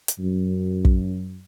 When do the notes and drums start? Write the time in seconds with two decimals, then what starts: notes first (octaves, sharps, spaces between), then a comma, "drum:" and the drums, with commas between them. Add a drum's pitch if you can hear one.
0.08 drum: hi-hat
0.19 F#2
0.85 drum: kick